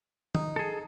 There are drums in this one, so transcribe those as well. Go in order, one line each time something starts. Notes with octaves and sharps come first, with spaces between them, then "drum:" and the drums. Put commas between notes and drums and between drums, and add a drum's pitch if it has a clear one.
D#4, drum: tom D#3
G#4 A4